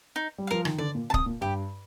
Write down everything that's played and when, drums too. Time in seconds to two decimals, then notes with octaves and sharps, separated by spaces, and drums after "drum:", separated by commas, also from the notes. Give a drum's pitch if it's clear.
0.16 D#4
0.38 G3
0.47 F3 A#4 F5
0.65 D#3, drum: rim click
0.78 D3 D5
0.95 A#2
1.10 C3 A5
1.14 D#6, drum: kick C#1
1.26 A#2
1.41 G2 G4